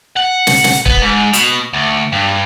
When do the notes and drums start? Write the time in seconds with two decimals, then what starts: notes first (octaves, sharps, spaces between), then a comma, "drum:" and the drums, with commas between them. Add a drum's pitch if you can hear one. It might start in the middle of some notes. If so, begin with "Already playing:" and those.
0.16 F#5
0.47 drum: snare
0.64 drum: snare
0.86 B3, drum: kick
1.02 G#2
1.33 B2, drum: hi-hat
1.73 D2
2.12 G2